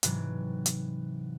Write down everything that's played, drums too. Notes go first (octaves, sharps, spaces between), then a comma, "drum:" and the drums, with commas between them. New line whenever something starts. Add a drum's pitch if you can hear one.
G#2 C3 E3 F#3, drum: hi-hat
drum: hi-hat